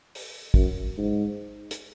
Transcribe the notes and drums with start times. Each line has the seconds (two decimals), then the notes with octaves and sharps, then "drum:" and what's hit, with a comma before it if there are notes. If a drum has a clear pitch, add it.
0.15 drum: open hi-hat
0.54 F#2, drum: kick
0.98 G#2
1.71 drum: hi-hat